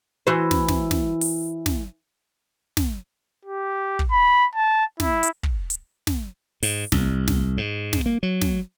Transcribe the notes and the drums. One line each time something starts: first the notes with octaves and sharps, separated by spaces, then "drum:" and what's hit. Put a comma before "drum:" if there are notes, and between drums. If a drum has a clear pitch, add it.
E3 F#4 C5
drum: snare
drum: snare
drum: snare
drum: open hi-hat
drum: snare
drum: snare
G4
drum: kick
B5
A5
E4, drum: snare
drum: hi-hat
drum: kick
drum: hi-hat
drum: snare
G#2, drum: open hi-hat
C2, drum: snare
drum: snare
G#2
drum: snare
A#3
F#3
drum: snare